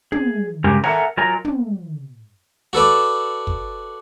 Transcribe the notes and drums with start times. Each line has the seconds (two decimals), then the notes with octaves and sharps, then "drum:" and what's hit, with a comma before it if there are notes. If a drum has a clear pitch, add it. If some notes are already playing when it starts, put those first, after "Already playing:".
0.12 G#4, drum: tom
0.64 G2 C#3 G#3 G4 A#4 G#5
0.84 A4 A#4 E5 F#5 G#5 A#5, drum: snare
1.17 F#3 F4 A#4 D#5 G#5 A#5
1.45 drum: tom
2.73 F#4 A4 B4 D5
3.47 drum: kick